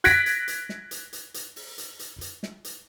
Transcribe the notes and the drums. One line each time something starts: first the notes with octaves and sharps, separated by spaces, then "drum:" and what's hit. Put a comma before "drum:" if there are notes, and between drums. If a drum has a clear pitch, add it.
F#6 G#6 A#6 B6 D7, drum: hi-hat
drum: hi-hat
drum: hi-hat
drum: snare
drum: hi-hat
drum: hi-hat
drum: hi-hat
drum: open hi-hat
drum: hi-hat
drum: hi-hat
drum: hi-hat
drum: snare
drum: hi-hat